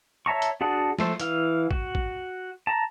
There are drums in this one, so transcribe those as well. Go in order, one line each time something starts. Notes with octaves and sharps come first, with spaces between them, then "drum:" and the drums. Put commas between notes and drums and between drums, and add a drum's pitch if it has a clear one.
C#5 E5 A5 A#5 C#6
drum: hi-hat
D4 F#4 G#4 F#5 A5
F3 A3 C5, drum: snare
E3 F5, drum: hi-hat
F#4, drum: kick
drum: kick
A5 A#5